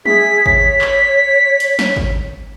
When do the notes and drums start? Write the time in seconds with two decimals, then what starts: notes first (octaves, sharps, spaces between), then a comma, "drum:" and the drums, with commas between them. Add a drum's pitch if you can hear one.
0.06 G#4 E5 B6, drum: tom
0.46 C#5 B6, drum: kick
0.81 drum: clap
1.60 drum: hi-hat
1.79 drum: snare
1.97 drum: kick